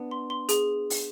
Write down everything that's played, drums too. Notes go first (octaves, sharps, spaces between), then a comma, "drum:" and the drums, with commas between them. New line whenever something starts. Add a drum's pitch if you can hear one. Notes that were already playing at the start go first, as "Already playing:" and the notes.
Already playing: B3 D4
C6
C6
G#4, drum: hi-hat
drum: open hi-hat